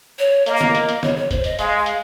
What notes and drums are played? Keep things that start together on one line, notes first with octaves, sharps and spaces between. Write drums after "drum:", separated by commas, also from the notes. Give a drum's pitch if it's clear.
C#5
A#3 D#5, drum: hi-hat
drum: snare
drum: hi-hat
drum: hi-hat
C#5, drum: snare
C#5
C5, drum: kick, hi-hat
D#5, drum: hi-hat
G#3 F5, drum: hi-hat
F5
drum: hi-hat